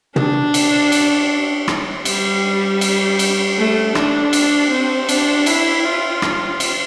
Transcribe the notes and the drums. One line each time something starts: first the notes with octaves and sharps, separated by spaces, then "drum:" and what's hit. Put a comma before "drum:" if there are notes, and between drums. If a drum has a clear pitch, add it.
D4, drum: tom
drum: cymbal
drum: cymbal
drum: rim click
G3, drum: cymbal
drum: cymbal
drum: cymbal
A3
D4, drum: rim click
drum: cymbal
C4
D4, drum: cymbal
E4, drum: cymbal
F4
drum: rim click
drum: cymbal